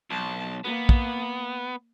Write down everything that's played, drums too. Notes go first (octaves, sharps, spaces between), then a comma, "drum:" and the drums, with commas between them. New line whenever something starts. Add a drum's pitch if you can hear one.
B1 A5
A#3 B3
drum: kick